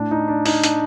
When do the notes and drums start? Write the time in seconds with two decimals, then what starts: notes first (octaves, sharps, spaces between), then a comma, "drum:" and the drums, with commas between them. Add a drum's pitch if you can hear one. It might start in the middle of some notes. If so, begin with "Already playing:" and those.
Already playing: A2 D4
0.11 D#4
0.28 D4
0.46 D#4, drum: open hi-hat
0.64 D4, drum: hi-hat